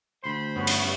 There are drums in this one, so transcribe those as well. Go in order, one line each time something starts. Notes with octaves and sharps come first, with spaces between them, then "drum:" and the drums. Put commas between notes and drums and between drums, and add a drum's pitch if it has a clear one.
D2 C5 B5 C6
G2 B3 C#4
drum: cymbal